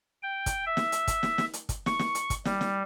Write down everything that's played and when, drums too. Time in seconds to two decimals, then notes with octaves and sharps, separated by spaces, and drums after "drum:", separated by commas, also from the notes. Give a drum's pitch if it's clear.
0.23 G5
0.46 drum: kick, hi-hat
0.66 E5
0.77 drum: snare
0.92 drum: hi-hat
1.08 drum: kick, hi-hat
1.23 drum: snare
1.38 drum: snare
1.53 drum: hi-hat
1.69 drum: kick, hi-hat
1.86 C#6, drum: snare
1.99 drum: snare
2.15 drum: hi-hat
2.30 drum: kick, hi-hat
2.45 G3, drum: snare
2.61 drum: snare